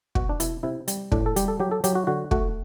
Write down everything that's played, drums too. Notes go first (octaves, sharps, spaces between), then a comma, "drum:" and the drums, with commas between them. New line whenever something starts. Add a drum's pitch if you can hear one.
B2 F#4, drum: kick
D4
B2 E4, drum: hi-hat
C3 E4
G3, drum: hi-hat
A2 D4, drum: kick
A4
G3 G4, drum: hi-hat
A4
F#3 G4
A4
F#3 G4, drum: hi-hat
F#4
D3 F#4
A3 F#4, drum: kick